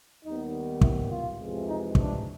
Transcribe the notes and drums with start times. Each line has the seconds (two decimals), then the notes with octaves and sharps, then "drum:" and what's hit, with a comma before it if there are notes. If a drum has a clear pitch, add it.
0.25 D#2 D#3 G3 B3 D#4
0.82 E4, drum: kick
1.11 F4
1.39 F2 C3 E3 G#3
1.67 D#4
1.95 D4, drum: kick